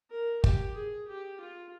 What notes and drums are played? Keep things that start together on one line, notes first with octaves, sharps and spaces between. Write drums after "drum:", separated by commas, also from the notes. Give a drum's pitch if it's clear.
A#4
G4, drum: kick
G#4
G4
F4